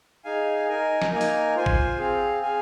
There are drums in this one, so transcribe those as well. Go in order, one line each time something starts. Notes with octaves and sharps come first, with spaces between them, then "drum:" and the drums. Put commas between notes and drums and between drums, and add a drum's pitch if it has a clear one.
D#4 G#4 F5 G#5
D#4 A#4 G#5
drum: snare
A#3 D#4 A#4 G#5
drum: open hi-hat
F4 C5 G#5
drum: kick
C4 G#4 F5
G#4 F5 G#5